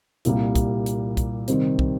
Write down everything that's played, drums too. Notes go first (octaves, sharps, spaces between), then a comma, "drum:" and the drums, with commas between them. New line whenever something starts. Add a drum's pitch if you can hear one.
C2 A#2 G3 A#3, drum: hi-hat
drum: kick, hi-hat
drum: hi-hat
drum: kick, hi-hat
C3 D#3 G3 C4, drum: hi-hat
drum: kick